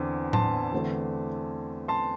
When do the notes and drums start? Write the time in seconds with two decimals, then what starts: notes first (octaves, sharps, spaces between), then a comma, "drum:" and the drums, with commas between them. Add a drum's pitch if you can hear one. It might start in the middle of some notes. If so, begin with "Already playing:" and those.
Already playing: E2 D3 C4
0.33 A5 C6, drum: tom A2
0.72 E2 D3 A3 C4
1.88 A5 C6